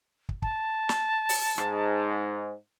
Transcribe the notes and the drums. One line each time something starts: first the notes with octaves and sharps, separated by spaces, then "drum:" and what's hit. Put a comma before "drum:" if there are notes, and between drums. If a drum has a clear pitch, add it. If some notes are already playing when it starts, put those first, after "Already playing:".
drum: kick
A5, drum: kick
drum: snare
drum: open hi-hat
G#2, drum: rim click